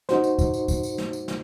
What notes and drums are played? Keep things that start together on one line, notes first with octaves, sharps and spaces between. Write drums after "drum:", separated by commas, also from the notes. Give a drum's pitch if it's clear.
D#4 F#4 C5, drum: snare
drum: tambourine
drum: kick D2, tambourine
drum: tambourine
drum: kick D2, tambourine
drum: tambourine
drum: snare
drum: tambourine
drum: snare